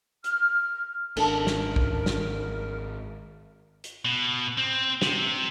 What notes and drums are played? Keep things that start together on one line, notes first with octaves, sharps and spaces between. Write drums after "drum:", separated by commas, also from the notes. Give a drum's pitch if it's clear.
F6, drum: hi-hat
G#1 C#4 D4 A4 A#4, drum: cymbal
drum: snare
drum: kick
drum: snare
drum: hi-hat
B2
C4
C3, drum: snare